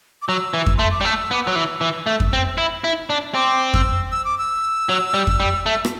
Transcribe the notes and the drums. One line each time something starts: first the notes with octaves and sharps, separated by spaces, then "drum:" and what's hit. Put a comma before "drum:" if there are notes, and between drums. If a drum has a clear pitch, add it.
D6
F#3 E6
E3
drum: kick F2
A3 C6
D6
G3
A3 E6
B3 D6
F#3 E6
E3
E3
A3
drum: kick F2
C4
E4
E4
D4
C4 D6
E6, drum: kick F2
E6
D6
E6
F#3
G3
drum: kick F2
G3
A3
drum: rim click